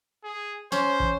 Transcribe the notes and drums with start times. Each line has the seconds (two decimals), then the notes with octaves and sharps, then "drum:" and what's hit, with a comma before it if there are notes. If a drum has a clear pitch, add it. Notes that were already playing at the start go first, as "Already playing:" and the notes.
0.24 G#4
0.72 C#4 C5, drum: snare
1.00 drum: kick